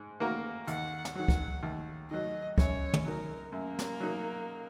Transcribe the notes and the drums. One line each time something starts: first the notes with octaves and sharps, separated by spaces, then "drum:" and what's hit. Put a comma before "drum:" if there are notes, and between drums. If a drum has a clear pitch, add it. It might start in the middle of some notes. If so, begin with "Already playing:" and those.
Already playing: G#2
D#3 A#3 F#4 A#4
D#2 F#5, drum: hi-hat
drum: snare
D#3 F#3 F#5
drum: kick
D#2
D#3 F#3 D#5
F#2 C#5, drum: kick
drum: tom
F#3 D#4 A#4
F#2 A#3
drum: snare
F#3 D#4